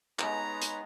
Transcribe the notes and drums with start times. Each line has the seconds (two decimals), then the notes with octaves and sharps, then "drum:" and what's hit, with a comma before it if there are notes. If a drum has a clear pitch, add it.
0.19 G#3 B3 D#4 G4 B4 C#5 A#5, drum: clap
0.62 drum: hi-hat